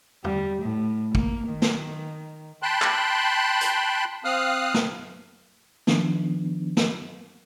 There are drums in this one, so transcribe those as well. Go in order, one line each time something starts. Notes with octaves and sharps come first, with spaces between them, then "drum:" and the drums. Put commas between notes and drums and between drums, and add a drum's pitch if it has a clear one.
G3, drum: tom E2
A2
A#3, drum: kick
D#3
drum: snare
G5 A5 B5 C6 F#6
drum: clap
drum: hi-hat
C4 F5 D#6 F6 F#6
drum: snare
D#3 F3 B3 D4, drum: snare
drum: snare